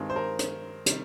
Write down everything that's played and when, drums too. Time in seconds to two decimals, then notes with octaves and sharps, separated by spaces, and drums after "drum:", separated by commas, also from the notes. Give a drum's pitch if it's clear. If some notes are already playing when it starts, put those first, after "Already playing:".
Already playing: G2 D#3 G#3 C4
0.10 C5
0.16 A#4
0.39 drum: hi-hat
0.86 C3 D#3 G3, drum: hi-hat